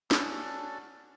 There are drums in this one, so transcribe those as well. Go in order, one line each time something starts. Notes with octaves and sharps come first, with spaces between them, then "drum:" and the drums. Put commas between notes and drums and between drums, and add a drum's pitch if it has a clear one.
C#4 D4 F#4 A4, drum: snare